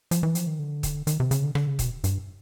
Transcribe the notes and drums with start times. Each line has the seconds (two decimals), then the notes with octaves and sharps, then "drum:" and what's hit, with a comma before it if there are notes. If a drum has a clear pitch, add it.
0.11 F3, drum: hi-hat
0.23 E3
0.35 F3, drum: hi-hat
0.47 D#3
0.59 D3
0.83 drum: kick, hi-hat
1.07 D#3, drum: hi-hat
1.20 C3
1.31 C#3, drum: hi-hat
1.44 D3
1.55 D3, drum: rim click
1.67 C#3
1.79 B2, drum: kick, hi-hat
2.04 G2, drum: hi-hat